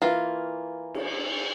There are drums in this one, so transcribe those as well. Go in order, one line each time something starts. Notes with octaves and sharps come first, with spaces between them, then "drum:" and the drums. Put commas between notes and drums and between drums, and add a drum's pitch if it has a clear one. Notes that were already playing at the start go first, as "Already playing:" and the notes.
E3 A#3 F4
drum: cymbal